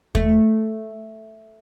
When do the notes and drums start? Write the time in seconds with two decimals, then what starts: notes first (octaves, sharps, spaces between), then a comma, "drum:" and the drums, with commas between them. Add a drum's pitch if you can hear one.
0.15 A3, drum: kick D#2